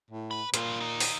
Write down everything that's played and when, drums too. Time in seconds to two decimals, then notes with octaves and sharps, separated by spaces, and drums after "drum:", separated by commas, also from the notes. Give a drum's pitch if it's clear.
0.10 A2
0.31 B4 B5
0.54 G2 A#2 F4, drum: hi-hat
0.80 A#3 D#4
1.00 drum: open hi-hat